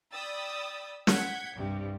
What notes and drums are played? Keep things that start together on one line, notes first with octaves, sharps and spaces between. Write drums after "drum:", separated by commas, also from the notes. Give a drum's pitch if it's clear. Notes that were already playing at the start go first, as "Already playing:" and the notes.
D5 G5 B5 D#6 E6 A6
F#5 G6 G#6 B6, drum: snare
C2 G2 G3